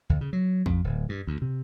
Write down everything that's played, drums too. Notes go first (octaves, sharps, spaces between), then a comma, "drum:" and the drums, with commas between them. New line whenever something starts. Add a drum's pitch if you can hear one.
D2
C#3
F#3
F2, drum: kick
D1
G2
D2
C3